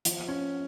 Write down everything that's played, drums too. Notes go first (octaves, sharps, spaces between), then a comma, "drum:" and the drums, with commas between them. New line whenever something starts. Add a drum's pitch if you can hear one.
F3, drum: hi-hat
C#4